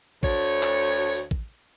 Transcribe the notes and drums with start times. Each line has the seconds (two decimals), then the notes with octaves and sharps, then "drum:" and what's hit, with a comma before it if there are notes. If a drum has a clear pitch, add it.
0.23 D2 C#5, drum: kick A1
0.63 drum: clap
1.15 drum: tambourine
1.31 drum: kick A1